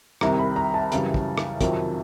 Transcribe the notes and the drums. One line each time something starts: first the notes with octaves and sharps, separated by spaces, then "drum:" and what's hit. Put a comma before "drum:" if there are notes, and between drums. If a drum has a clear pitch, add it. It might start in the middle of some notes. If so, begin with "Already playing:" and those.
C2 C3 D#3 G3 A#5, drum: rim click
B5
A#5
A5
F#2 C#3 E3 G3, drum: hi-hat
drum: kick
drum: rim click
F2 C3 D#3 F#3, drum: kick, hi-hat